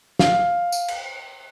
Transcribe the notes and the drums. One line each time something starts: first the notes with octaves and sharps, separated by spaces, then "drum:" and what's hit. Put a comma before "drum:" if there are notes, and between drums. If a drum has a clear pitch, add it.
F5, drum: snare
drum: tambourine
drum: cymbal